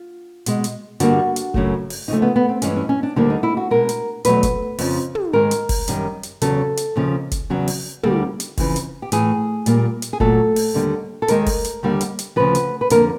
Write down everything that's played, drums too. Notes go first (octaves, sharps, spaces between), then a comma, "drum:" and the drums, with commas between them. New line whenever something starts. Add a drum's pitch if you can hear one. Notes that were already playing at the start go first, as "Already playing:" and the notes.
Already playing: F4
B2 G#3, drum: hi-hat
drum: hi-hat
G2 D3 G3 A#3 F#4, drum: hi-hat
drum: hi-hat
F#2 C#3 F#3 A3, drum: kick F#1
drum: open hi-hat
D2 C#3 F3 A3 D#4
B3
B3
C4
G2 E3 G#3 C#4, drum: hi-hat
C#4
C#4
D4
D2 D3 G3 A#3 E4
D#4
E4
F#4
B2 G#3 A#4
drum: hi-hat
E2 B2 F#3 A3 B4, drum: hi-hat
drum: kick F#1, hi-hat
F2 C#3 F3, drum: open hi-hat
drum: tom
G#2 D#3 G#3 A#4
drum: hi-hat
drum: kick F#1, open hi-hat
F#2 D#3 G3, drum: hi-hat
drum: hi-hat
E2 C#3 F#3 A4, drum: hi-hat
drum: hi-hat
D#2 C#3 F3
drum: kick F#1, hi-hat
E2 C#3 F#3
drum: open hi-hat
D2 D3 G3 A#3, drum: tom
drum: hi-hat
F2 C#3 E3, drum: kick F#1, open hi-hat
drum: hi-hat
G4
A2 E3 A3 G#4, drum: hi-hat
A#2 G3 A#3, drum: hi-hat
drum: hi-hat
G#4
A#2 F#3 A3 A4, drum: kick F#1
drum: open hi-hat
D#2 D3 G3
A4
D#2 D#3 G#3 A#4, drum: hi-hat
drum: kick F#1, open hi-hat
drum: hi-hat
D#2 D3 G3 A#3
drum: hi-hat
drum: hi-hat
D2 C#3 F3 B4
drum: hi-hat
B4
F2 D3 G3 A#3 A#4, drum: hi-hat